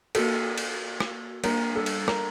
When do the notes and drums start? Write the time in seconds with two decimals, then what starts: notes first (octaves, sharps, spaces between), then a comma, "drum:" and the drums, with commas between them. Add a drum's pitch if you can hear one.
0.15 A#3 F#4 A4 A#4, drum: cymbal
0.58 drum: cymbal
1.00 drum: rim click
1.44 G3 A#3 D4 A#4, drum: cymbal
1.76 A4
1.86 drum: cymbal
2.08 A#4, drum: rim click